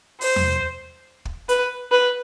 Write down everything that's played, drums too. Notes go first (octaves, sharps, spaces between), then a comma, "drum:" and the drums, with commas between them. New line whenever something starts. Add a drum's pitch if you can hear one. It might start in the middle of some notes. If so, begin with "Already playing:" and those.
C5, drum: open hi-hat
drum: tom E2
drum: kick
B4, drum: hi-hat
B4